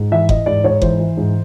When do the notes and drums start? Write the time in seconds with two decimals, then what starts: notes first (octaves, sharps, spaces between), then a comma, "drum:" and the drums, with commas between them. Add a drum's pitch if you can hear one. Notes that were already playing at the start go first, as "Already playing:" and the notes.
Already playing: G#2
0.12 E3 E5
0.29 E3 D#5, drum: kick F#1
0.46 G#2 D5
0.64 G#2 C#5
0.82 E3 C5, drum: kick F#1
1.00 E3
1.17 G#2